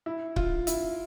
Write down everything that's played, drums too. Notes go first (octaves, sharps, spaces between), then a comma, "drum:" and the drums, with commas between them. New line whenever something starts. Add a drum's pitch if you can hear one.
E4
F4, drum: kick C#1
E4, drum: hi-hat